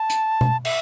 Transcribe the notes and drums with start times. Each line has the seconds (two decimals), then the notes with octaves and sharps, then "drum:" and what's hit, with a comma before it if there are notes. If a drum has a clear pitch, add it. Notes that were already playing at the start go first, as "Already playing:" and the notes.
Already playing: A5
0.10 drum: hi-hat
0.41 drum: tom B2
0.65 E5, drum: cymbal